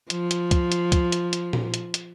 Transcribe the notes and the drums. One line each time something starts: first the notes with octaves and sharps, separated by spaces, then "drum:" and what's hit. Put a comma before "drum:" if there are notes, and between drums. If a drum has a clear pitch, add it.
F3, drum: hi-hat
drum: hi-hat
drum: kick, hi-hat
drum: hi-hat
drum: kick, hi-hat
drum: hi-hat
drum: hi-hat
drum: tom A#2
drum: hi-hat
drum: hi-hat